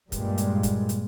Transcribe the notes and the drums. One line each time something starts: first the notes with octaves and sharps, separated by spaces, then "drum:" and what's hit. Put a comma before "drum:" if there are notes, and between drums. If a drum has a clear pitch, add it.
G2 A#2 G3 G#3, drum: kick, hi-hat
drum: hi-hat
drum: kick, hi-hat
drum: hi-hat